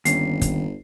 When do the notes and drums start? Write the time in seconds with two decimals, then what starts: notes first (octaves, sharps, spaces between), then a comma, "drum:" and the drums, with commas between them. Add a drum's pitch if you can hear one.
0.05 G1 D#2 C#4 C7, drum: hi-hat
0.41 drum: kick, hi-hat